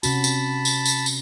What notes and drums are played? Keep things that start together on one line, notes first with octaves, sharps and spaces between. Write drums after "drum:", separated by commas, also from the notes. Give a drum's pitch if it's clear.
C3 C#4 F#4 A5 B5, drum: tambourine
drum: tambourine
drum: tambourine
drum: tambourine
drum: tambourine